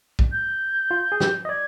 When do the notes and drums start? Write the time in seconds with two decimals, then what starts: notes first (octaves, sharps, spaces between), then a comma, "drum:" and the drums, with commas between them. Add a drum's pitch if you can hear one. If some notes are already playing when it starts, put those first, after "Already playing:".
0.19 drum: kick
0.32 G6
0.91 F4
1.12 G#4
1.20 G4, drum: snare
1.45 D#5
1.49 D5 G#6